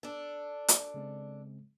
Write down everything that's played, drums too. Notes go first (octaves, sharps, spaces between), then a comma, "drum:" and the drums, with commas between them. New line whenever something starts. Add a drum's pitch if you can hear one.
D4 A4
drum: hi-hat
C#3 G#3 C4